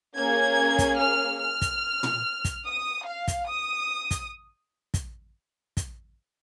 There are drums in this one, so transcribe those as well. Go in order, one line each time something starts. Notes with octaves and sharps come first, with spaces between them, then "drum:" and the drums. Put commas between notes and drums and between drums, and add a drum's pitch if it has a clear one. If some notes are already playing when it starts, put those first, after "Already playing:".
A#3 C#4 G#4 G#6
drum: kick, hi-hat
F6
F6
drum: kick, hi-hat
drum: tom
drum: kick, hi-hat
D#6
F5
drum: kick, hi-hat
D#6
drum: kick, hi-hat
drum: kick, hi-hat
drum: kick, hi-hat